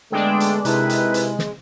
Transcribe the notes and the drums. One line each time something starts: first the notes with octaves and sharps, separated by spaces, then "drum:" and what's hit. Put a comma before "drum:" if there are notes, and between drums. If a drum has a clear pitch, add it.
D3 G#3 A3 B3 D4 G5
drum: hi-hat
C3 G#3 D#4 E4 A#4 B4, drum: hi-hat
drum: hi-hat
drum: hi-hat
drum: snare